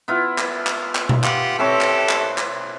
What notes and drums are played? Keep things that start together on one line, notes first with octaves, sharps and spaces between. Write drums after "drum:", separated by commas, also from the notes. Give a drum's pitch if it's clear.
B3 E4 F4
drum: clap
drum: clap
drum: clap
drum: tom B2
F4 G4 F#5, drum: clap
C4 E4 G4 A4 B4 C#5
drum: clap
drum: clap
drum: clap